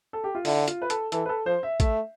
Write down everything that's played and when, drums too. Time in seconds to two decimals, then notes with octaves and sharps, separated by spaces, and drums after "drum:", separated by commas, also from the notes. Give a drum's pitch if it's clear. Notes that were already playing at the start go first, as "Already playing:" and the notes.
0.13 A4
0.24 G4
0.35 F4
0.45 D3 E4, drum: open hi-hat
0.68 F4, drum: hi-hat
0.82 B4
0.90 A4, drum: hi-hat
1.12 E3 A4, drum: hi-hat
1.26 B4
1.29 A4
1.46 F3 C5
1.63 E5
1.80 A3 E5, drum: kick A1, hi-hat